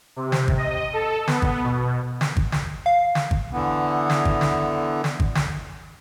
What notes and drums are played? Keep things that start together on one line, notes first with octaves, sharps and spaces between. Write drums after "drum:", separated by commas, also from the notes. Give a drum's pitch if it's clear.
C3
drum: snare
drum: kick G#1
D#5
A4
B3, drum: snare
drum: kick G#1
B2
drum: snare
drum: kick G#1
drum: snare
F5
drum: snare
drum: kick G#1
D3 E3 B3
drum: snare
drum: kick G#1
drum: snare
drum: snare
drum: kick G#1
drum: snare